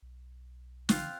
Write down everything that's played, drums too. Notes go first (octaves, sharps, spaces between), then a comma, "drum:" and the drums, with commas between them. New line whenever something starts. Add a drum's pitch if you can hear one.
B1
D3 D#3 F3 C4 F4 F5 F#6, drum: snare